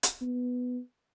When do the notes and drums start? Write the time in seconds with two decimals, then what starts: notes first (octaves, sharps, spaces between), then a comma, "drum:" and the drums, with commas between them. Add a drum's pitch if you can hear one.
0.03 drum: hi-hat
0.22 B3